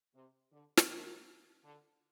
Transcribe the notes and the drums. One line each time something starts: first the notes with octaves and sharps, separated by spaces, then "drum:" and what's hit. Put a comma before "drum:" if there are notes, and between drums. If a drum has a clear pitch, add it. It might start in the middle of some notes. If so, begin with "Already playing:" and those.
C3
D3
drum: snare
D#3
D3